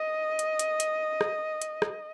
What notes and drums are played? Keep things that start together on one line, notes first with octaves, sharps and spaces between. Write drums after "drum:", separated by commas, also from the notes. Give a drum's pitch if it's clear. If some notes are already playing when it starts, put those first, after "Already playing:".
Already playing: D#5
drum: hi-hat
drum: hi-hat
drum: hi-hat
drum: rim click
drum: hi-hat
drum: rim click